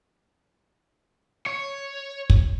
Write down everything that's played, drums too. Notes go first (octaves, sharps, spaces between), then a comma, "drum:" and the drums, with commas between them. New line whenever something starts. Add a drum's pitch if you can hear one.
C#5
drum: kick